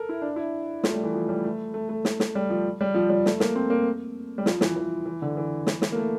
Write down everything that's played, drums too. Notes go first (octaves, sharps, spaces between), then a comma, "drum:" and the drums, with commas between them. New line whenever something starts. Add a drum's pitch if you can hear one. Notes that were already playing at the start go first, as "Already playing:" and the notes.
Already playing: A4 A#4
E4
D4
E4
F4, drum: snare
A3
G3
E3
F3
G3
A3
A3
A3
drum: snare
drum: snare
G3
F3
G3
F3
G3
A3, drum: snare
A#3, drum: snare
C4
A#3
G3
F3, drum: snare
E3, drum: snare
E3
E3
D3
E3
drum: snare
drum: snare
A#3
A3